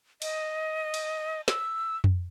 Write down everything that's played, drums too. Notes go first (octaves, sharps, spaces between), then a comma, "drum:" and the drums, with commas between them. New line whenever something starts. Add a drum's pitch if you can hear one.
D#5, drum: cymbal
drum: cymbal
E6, drum: snare
drum: tom F2